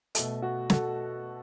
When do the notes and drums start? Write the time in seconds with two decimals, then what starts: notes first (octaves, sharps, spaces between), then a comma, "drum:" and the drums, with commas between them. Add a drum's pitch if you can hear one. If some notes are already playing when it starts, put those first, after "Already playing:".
0.15 B2 A3, drum: hi-hat
0.42 F#4
0.70 F#4 A4, drum: snare